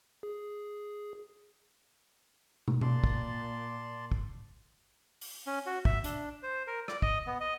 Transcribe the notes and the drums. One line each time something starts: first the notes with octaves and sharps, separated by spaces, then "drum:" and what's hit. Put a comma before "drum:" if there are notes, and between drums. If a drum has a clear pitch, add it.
G#4
drum: tom
A#2 D5 A5 C6, drum: tom B2
drum: kick
drum: kick
drum: open hi-hat
C#4
F#4
E5, drum: kick
D4, drum: hi-hat
C5
A#4
D5, drum: rim click
D#5, drum: kick
B3
D#5